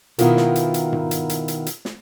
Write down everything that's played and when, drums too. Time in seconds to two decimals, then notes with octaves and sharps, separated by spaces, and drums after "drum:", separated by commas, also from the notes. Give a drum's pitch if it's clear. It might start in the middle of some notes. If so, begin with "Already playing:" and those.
0.19 B2 D#3 B3 E4 F4 A#4, drum: hi-hat
0.37 drum: snare
0.56 drum: hi-hat
0.74 drum: hi-hat
0.93 drum: tom G#2
1.11 drum: hi-hat
1.29 drum: hi-hat
1.48 drum: hi-hat
1.66 drum: hi-hat
1.85 drum: snare